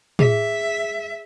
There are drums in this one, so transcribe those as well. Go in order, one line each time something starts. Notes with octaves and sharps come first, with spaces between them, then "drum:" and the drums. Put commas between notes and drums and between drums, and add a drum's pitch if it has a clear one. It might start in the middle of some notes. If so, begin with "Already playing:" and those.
G#4 E5, drum: tom